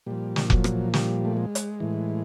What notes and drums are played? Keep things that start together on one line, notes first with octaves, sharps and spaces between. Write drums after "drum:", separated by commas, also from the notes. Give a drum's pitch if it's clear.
A#2 F3 G3
drum: snare
F#3, drum: kick F1
drum: rim click
G3, drum: snare
A3
G#3
drum: hi-hat
A2 E3